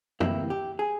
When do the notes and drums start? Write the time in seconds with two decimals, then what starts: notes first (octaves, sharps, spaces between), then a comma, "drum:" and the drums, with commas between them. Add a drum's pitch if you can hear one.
0.20 D2 C3 E3 G3 A#3 E4, drum: tom
0.50 G4
0.79 G#4